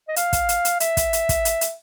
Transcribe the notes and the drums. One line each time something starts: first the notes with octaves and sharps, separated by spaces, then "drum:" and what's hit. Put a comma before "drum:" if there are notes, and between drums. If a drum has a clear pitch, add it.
D#5
F5, drum: hi-hat
drum: kick, hi-hat
drum: hi-hat
drum: hi-hat
E5, drum: hi-hat
drum: kick, hi-hat
drum: hi-hat
drum: kick, hi-hat
drum: hi-hat
drum: hi-hat